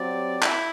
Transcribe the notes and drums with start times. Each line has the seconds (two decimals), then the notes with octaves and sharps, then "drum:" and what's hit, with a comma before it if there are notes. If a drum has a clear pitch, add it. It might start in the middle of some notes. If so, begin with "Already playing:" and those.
Already playing: F#3 C4 G4 D5
0.42 E4, drum: clap